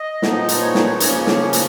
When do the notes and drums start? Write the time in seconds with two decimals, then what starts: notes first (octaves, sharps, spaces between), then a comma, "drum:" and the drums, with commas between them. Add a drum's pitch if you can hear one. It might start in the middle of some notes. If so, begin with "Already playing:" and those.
Already playing: D#5
0.22 A#2 F3 B3 D#4, drum: snare
0.49 drum: hi-hat
0.62 C#5
0.75 drum: snare
1.00 C#3 F3 A#3 C#4 C#5, drum: hi-hat
1.27 drum: snare
1.53 drum: hi-hat